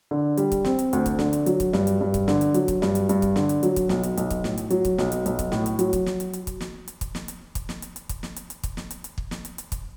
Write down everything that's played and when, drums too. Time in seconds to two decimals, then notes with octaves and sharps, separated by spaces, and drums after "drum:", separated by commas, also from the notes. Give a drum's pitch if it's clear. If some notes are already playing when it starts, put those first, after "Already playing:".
0.11 D3
0.37 G3, drum: hi-hat
0.52 drum: kick, hi-hat
0.64 C4, drum: snare
0.79 drum: hi-hat
0.93 D2, drum: hi-hat
1.06 drum: kick, hi-hat
1.19 D3, drum: snare
1.33 drum: hi-hat
1.46 F#3, drum: hi-hat
1.60 drum: kick, hi-hat
1.73 G2, drum: snare
1.87 drum: hi-hat
2.01 G2
2.14 drum: kick, hi-hat
2.28 D3, drum: snare
2.41 drum: hi-hat
2.54 F#3, drum: hi-hat
2.68 drum: kick, hi-hat
2.82 G2, drum: snare
2.95 drum: hi-hat
3.09 G2, drum: hi-hat
3.22 drum: kick, hi-hat
3.36 D3, drum: snare
3.49 drum: hi-hat
3.63 F#3, drum: hi-hat
3.76 drum: kick, hi-hat
3.89 B1, drum: snare
4.03 drum: hi-hat
4.17 B1, drum: hi-hat
4.30 drum: kick, hi-hat
4.44 A2, drum: snare
4.58 drum: hi-hat
4.70 F#3, drum: hi-hat
4.85 drum: kick, hi-hat
4.98 B1, drum: snare
5.12 drum: hi-hat
5.26 B1, drum: hi-hat
5.39 drum: kick, hi-hat
5.52 A2, drum: snare
5.66 drum: hi-hat
5.79 F#3, drum: hi-hat
5.93 drum: kick, hi-hat
6.06 drum: snare
6.20 drum: hi-hat
6.33 drum: hi-hat
6.47 drum: kick, hi-hat
6.61 drum: snare
6.88 drum: hi-hat
7.01 drum: kick, hi-hat
7.15 drum: snare
7.28 drum: hi-hat
7.55 drum: kick, hi-hat
7.69 drum: snare
7.82 drum: hi-hat
7.96 drum: hi-hat
8.09 drum: kick, hi-hat
8.23 drum: snare
8.36 drum: hi-hat
8.50 drum: hi-hat
8.63 drum: kick, hi-hat
8.77 drum: snare
8.91 drum: hi-hat
9.04 drum: hi-hat
9.18 drum: kick
9.31 drum: snare
9.45 drum: hi-hat
9.58 drum: hi-hat
9.72 drum: kick, hi-hat